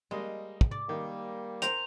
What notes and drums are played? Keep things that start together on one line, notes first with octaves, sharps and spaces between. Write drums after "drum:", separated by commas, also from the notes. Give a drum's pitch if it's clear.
G3 G#3 A#3 D#5
drum: kick
D5
D#3 G3 A#3
A#4 C5 G5 A#5 F7, drum: hi-hat